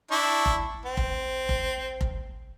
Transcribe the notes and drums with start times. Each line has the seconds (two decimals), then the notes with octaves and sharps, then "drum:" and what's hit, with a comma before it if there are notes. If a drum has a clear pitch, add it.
0.11 D4 E4 C#6
0.46 drum: kick F1
0.85 C4
0.97 drum: kick F1
1.49 drum: kick F1
2.01 drum: kick F1